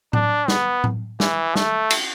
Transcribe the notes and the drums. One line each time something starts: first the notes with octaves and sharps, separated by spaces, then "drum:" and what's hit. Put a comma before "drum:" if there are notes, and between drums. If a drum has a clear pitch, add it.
D4, drum: tom A2
B3, drum: snare
drum: tom A2
E3, drum: snare
A3, drum: snare
drum: cymbal